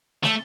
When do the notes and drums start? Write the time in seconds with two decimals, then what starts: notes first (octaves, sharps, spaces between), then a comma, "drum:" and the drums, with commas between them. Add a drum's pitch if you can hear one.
0.24 A3, drum: snare